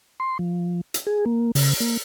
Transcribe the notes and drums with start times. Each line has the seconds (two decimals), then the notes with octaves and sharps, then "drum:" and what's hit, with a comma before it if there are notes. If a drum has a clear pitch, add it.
0.20 C6
0.39 F3
0.94 drum: hi-hat
1.07 G#4
1.26 A#3
1.55 C#3, drum: open hi-hat
1.80 A#3